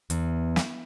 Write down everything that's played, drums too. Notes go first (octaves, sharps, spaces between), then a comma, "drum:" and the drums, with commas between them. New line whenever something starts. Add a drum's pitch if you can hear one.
E2, drum: hi-hat
drum: snare